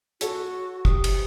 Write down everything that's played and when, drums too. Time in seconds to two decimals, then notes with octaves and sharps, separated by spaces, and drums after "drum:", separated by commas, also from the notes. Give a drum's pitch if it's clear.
0.21 F#4 A4 C#5, drum: hi-hat
0.85 G4 D#6, drum: kick
1.04 drum: cymbal